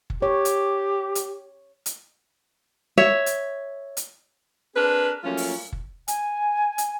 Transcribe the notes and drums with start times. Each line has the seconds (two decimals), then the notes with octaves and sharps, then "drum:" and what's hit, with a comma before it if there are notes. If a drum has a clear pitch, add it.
0.10 drum: kick F#1
0.22 G4 C#5
0.45 drum: hi-hat
1.15 drum: hi-hat
1.86 drum: hi-hat
2.98 C#5 E5
3.26 drum: hi-hat
3.97 drum: hi-hat
4.75 C4 D4 G#4 A#4 B4
5.24 F3 F#3 A3 A#3 C#4 F4
5.37 drum: open hi-hat
5.73 drum: kick F#1
6.08 G#5, drum: hi-hat
6.78 drum: hi-hat